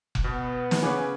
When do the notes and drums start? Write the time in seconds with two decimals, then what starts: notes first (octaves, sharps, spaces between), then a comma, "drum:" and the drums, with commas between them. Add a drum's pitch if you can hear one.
0.15 drum: kick F1
0.24 B2 B3
0.71 drum: snare
0.82 C#3 B4 C#5 G#5 D6